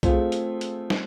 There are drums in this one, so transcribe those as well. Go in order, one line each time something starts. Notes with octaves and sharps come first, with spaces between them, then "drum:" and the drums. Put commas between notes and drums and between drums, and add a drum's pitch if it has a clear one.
A3 C4 F4 G#4, drum: kick C2, hi-hat
drum: hi-hat
drum: hi-hat
drum: snare